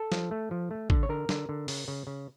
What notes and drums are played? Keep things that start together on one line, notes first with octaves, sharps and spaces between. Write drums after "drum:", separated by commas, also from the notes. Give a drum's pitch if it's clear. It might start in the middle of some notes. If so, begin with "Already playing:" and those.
Already playing: A4
F3, drum: snare
A3
F3
A3
D3, drum: kick
C#5
D3 A#4
D3, drum: snare
D3
C#3, drum: open hi-hat
C#3
C#3